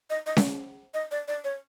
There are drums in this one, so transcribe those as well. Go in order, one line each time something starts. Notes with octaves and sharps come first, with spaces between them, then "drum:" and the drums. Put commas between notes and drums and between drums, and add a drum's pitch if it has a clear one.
D#5
D#5
drum: snare C#4
D#5
D5
D5
C#5